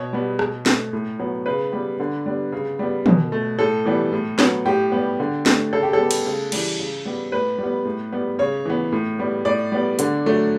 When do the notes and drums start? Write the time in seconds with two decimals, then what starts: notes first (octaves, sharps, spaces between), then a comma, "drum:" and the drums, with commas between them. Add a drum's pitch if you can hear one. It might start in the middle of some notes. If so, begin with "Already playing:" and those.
Already playing: B2 C#5
0.13 G3 B3
0.39 B2, drum: rim click
0.66 A3, drum: snare
0.93 A2
1.19 F#3 B3
1.46 C#3 B4
1.72 G3 B3
2.00 D3
2.26 G3 B3
2.52 C#3
2.79 G3 B3
3.06 B2, drum: tom
3.32 A3
3.59 A2 A4
3.85 E3 G3 B3
4.13 A2
4.39 F#3 B3, drum: snare
4.65 A2 G4
4.92 G3 B3
5.20 D3
5.46 A3, drum: snare
5.73 C#3 A4
5.83 G4
5.93 A4
5.99 G3 B3
6.11 drum: cymbal
6.26 C#3
6.52 E3 G3, drum: cymbal
6.79 C#3
7.05 G3 B3
7.32 A2 B4
7.58 G3
7.64 B3
7.85 A2
8.12 G3 B3
8.39 C#3 C#5
8.65 E3 B3
8.92 A2
9.19 G3 B3
9.45 A2 D5
9.72 G3 B3
9.99 D3, drum: hi-hat
10.26 F#3 A3